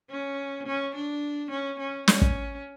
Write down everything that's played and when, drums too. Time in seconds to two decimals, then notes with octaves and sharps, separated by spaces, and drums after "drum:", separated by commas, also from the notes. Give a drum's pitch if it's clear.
0.11 C#4
0.67 C#4
0.95 D4
1.51 C#4
1.79 C#4
2.08 C#4, drum: snare
2.22 drum: kick